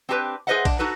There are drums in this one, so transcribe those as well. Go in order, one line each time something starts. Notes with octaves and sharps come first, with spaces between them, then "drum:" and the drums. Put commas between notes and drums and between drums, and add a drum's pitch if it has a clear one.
C4 D4 G4 A4 B4
G#4 B4 C5 D#5 E5 F#5
D4, drum: kick A#1, cymbal
D#4 F#4 A4 B4